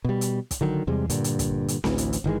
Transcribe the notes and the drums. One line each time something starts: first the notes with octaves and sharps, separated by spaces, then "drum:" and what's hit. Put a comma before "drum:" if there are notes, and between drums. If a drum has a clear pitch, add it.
B2 G3
drum: hi-hat
drum: kick, hi-hat
D3 D#3 F#3
E2 C3 G3 G#3
G2 A#2 D3, drum: hi-hat
drum: hi-hat
drum: kick, hi-hat
drum: hi-hat
A1 D2 E3, drum: snare C4
drum: hi-hat
drum: hi-hat
G1 D#3 E3 G#3